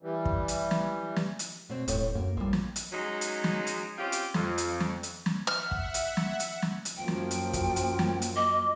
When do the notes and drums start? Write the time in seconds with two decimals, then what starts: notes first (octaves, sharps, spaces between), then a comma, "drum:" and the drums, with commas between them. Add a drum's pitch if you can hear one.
0.03 E3 G3
0.25 drum: kick
0.48 drum: hi-hat
0.71 drum: snare
1.16 drum: snare
1.39 drum: hi-hat
1.69 B2 C4
1.88 D#1 A2 C#5 G5, drum: hi-hat
2.15 F#2 A#3
2.37 A#1 F3 G3 A#3
2.53 drum: snare
2.76 drum: hi-hat
2.92 F#3 G#3 C#4 D#4
3.21 drum: hi-hat
3.44 drum: snare
3.67 drum: hi-hat
3.98 C4 C#4 F4 G4
4.12 drum: hi-hat
4.34 F2, drum: snare
4.58 drum: hi-hat
4.80 drum: snare
5.03 drum: hi-hat
5.26 drum: snare
5.47 E5 F#5 F6
5.71 drum: kick
5.94 drum: hi-hat
6.17 drum: snare
6.40 drum: hi-hat
6.62 drum: snare
6.85 drum: hi-hat
6.97 F#2 F3 A#3 G5
7.08 drum: snare
7.31 drum: hi-hat
7.53 drum: kick, hi-hat
7.76 drum: hi-hat
7.99 drum: snare
8.22 drum: hi-hat
8.36 D#5 D6